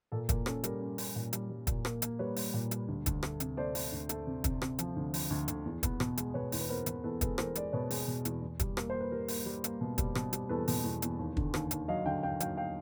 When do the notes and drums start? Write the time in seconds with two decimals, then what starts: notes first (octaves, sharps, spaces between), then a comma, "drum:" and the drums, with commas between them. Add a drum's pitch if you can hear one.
0.12 A#2 A4
0.29 A#2 A#4, drum: kick, hi-hat
0.46 C#4 A4, drum: rim click
0.64 G3 A#4, drum: hi-hat
0.80 C#4
0.98 C#4, drum: open hi-hat
1.16 A#2
1.33 G3, drum: hi-hat
1.50 G3
1.67 A#2, drum: kick, hi-hat
1.85 A#3, drum: rim click
2.02 A#3, drum: hi-hat
2.19 G3 B4 C#5
2.36 G3, drum: open hi-hat
2.54 A#2
2.71 G3, drum: hi-hat
2.88 D2
3.06 D2, drum: kick, hi-hat
3.23 A3, drum: rim click
3.40 C3, drum: hi-hat
3.57 A3 C5 D5
3.75 A3, drum: open hi-hat
3.92 D2
4.09 A3, drum: hi-hat
4.27 C3
4.44 C3, drum: kick, hi-hat
4.62 C3, drum: rim click
4.79 F3, drum: hi-hat
4.96 D2
5.14 F3, drum: open hi-hat
5.30 D2
5.48 D2, drum: hi-hat
5.65 E2
5.83 B3, drum: kick, hi-hat
6.00 B2, drum: rim click
6.17 G#3, drum: hi-hat
6.34 B2 B4 C#5
6.52 E2, drum: open hi-hat
6.59 B4
6.69 B3 A#4 C5
6.86 B2, drum: hi-hat
7.04 E2 A4 B4
7.21 G#3 A4 B4, drum: kick, hi-hat
7.38 E2 A#4 C5, drum: rim click
7.55 G#3 C5 D5, drum: hi-hat
7.73 B2 B4 C#5
7.90 G#3, drum: open hi-hat
8.07 B2
8.25 E2, drum: hi-hat
8.42 E2
8.59 G3, drum: kick, hi-hat
8.77 A#3, drum: rim click
8.90 A#3 C5
9.01 B4
9.12 G3 A#4
9.28 A#3, drum: open hi-hat
9.46 G3
9.64 A#3, drum: hi-hat
9.81 B2
9.98 G3, drum: kick, hi-hat
10.15 B2, drum: rim click
10.33 G3, drum: hi-hat
10.49 E2 A4 B4
10.68 B2, drum: open hi-hat
10.84 E2
11.02 E2, drum: hi-hat
11.19 D#2
11.37 D3, drum: kick
11.54 D#2, drum: rim click
11.71 D#2, drum: hi-hat
11.88 F#3 D#5 F5
12.06 D3 F5 G5
12.23 D3 F5 G5
12.40 F#3 F5 G5, drum: hi-hat
12.57 F5 G5